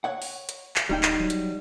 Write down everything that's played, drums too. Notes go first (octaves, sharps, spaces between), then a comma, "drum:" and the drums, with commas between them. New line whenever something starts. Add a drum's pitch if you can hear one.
C#5 F#5
drum: open hi-hat
drum: hi-hat
drum: clap
D1 G3 D#4 G5
drum: clap
F#3
drum: hi-hat